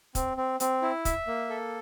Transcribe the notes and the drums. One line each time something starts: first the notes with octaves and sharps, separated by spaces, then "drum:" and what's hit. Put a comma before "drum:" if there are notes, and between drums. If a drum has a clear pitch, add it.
C4, drum: kick, hi-hat
C4
C4, drum: hi-hat
E4
E5, drum: kick, hi-hat
A#3
A4